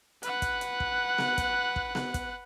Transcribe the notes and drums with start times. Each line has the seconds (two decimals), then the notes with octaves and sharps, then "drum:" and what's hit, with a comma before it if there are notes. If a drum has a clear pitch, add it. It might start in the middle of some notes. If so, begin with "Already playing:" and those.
0.23 B4 F#5, drum: hi-hat
0.42 drum: kick, hi-hat
0.61 drum: hi-hat
0.80 drum: kick
1.18 drum: snare B3
1.38 drum: kick, hi-hat
1.76 drum: kick
1.95 drum: snare B3
2.14 drum: kick, hi-hat